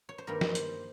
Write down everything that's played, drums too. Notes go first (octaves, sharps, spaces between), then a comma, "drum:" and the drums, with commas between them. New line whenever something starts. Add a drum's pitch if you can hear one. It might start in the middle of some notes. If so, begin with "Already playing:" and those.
C#5
C5
G2 D#3 G3 A#3 A#4
drum: snare F3
C5, drum: hi-hat